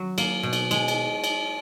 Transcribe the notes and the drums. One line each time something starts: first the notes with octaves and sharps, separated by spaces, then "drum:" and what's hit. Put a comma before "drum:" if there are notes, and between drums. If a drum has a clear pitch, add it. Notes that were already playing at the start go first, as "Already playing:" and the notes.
Already playing: F#3
A#3, drum: cymbal
B2
drum: cymbal
G#3, drum: cymbal
drum: cymbal
drum: cymbal